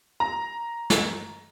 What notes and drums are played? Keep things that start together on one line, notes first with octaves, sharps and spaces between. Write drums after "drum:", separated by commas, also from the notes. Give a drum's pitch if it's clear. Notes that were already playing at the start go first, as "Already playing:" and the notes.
A#5
drum: snare